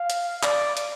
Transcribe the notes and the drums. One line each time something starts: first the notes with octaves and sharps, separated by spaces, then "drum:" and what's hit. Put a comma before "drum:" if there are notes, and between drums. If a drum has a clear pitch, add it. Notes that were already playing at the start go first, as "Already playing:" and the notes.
Already playing: F5
drum: hi-hat
D5, drum: clap
drum: hi-hat